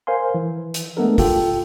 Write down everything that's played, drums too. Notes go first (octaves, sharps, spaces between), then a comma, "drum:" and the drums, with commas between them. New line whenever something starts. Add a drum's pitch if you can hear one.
A#4 C5 F5 G#5 C6
E3
drum: hi-hat
G#3 A3 B3 D4 A4 A#4
F4 G4 A4 G5, drum: kick, open hi-hat